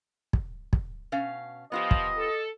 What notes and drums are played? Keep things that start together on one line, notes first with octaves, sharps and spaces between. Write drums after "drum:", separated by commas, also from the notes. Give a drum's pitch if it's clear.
drum: kick
drum: kick
B2 C#4 F5
F3 B3 F4 G4 D#5
drum: kick
A4